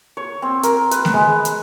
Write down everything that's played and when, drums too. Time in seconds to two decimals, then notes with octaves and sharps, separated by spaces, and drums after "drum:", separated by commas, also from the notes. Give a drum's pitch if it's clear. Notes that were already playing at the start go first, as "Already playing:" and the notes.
0.17 C#5
0.42 C4
0.63 A#4, drum: hi-hat
0.91 B4, drum: hi-hat
1.05 drum: snare A3
1.14 G#3
1.45 drum: hi-hat